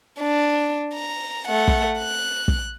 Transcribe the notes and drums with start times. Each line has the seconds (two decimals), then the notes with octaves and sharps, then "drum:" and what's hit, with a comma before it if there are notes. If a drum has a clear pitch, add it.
0.20 D4
0.94 A#5
1.48 A3 F#5
1.68 drum: kick
1.99 F#6
2.48 drum: kick